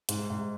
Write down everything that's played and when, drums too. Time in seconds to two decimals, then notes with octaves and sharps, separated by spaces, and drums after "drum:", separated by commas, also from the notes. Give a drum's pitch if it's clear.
0.09 G#2, drum: hi-hat
0.30 G#2